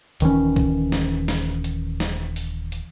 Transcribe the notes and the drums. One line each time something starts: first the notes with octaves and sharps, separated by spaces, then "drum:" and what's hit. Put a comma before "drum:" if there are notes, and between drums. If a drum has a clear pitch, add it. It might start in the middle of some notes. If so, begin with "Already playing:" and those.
D#1 D#3 E3 C#4, drum: hi-hat
drum: kick
drum: snare
drum: snare
drum: hi-hat
drum: snare
drum: open hi-hat
drum: hi-hat